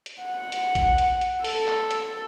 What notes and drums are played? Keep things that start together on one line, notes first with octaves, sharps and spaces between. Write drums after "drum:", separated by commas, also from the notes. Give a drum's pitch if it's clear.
drum: hi-hat
F#5
drum: hi-hat
drum: kick A#1, hi-hat
drum: hi-hat
drum: hi-hat
A4, drum: open hi-hat
drum: clap
drum: hi-hat